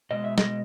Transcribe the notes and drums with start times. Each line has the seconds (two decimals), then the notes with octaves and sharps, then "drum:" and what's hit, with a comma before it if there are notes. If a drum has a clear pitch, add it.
0.11 B2 G#3 D#5
0.24 E5
0.38 D#5, drum: snare